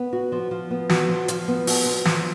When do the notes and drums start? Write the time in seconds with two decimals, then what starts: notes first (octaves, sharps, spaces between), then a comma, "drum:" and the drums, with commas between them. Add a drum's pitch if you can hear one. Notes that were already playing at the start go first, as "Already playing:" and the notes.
Already playing: B3
0.13 F#4
0.32 F3
0.51 F3
0.71 B3
0.89 F#4, drum: snare
1.09 F3
1.28 F3, drum: hi-hat
1.48 B3
1.67 F#4, drum: open hi-hat
1.86 F3
2.05 F3, drum: snare